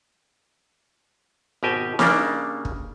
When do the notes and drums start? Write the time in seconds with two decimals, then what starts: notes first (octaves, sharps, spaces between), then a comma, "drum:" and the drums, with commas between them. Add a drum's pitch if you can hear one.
1.63 G#1 B2 G4 D#5 G#5 A5
1.99 C#3 G3 A#3 D4, drum: snare
2.65 drum: kick